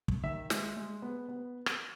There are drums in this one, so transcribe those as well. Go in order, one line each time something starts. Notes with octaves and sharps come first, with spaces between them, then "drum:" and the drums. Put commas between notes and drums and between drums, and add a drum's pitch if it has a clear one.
drum: kick
D#3 E5
G#3, drum: snare
G#3
B3
B3
drum: rim click